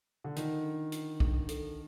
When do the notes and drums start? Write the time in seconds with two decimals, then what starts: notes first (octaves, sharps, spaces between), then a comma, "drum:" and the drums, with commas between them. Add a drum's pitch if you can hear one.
0.24 D3
0.36 D#3 F4, drum: hi-hat
0.64 D4
0.92 F4, drum: hi-hat
1.20 D4, drum: kick
1.49 A4, drum: hi-hat